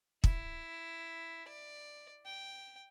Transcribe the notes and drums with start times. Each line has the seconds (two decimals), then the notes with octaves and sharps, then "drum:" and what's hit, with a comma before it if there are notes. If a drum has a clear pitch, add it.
0.24 E4, drum: kick
1.48 D5
2.25 G5